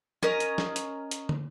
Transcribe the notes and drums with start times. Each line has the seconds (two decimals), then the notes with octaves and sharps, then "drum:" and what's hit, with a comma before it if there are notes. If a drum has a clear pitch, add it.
0.23 C#4 A#4 D#5, drum: snare
0.40 drum: hi-hat
0.58 drum: snare
0.76 drum: hi-hat
1.11 drum: hi-hat
1.29 drum: tom